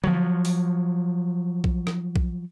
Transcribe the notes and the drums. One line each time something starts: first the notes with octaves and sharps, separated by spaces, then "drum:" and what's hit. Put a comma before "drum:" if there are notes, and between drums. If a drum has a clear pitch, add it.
F3 F#3, drum: tom D3
drum: open hi-hat
drum: kick
drum: rim click
drum: kick